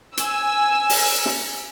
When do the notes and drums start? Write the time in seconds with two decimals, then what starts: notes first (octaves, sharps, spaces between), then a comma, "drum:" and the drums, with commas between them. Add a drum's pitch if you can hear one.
0.17 G#5 E6, drum: hi-hat
0.90 drum: open hi-hat
1.26 drum: snare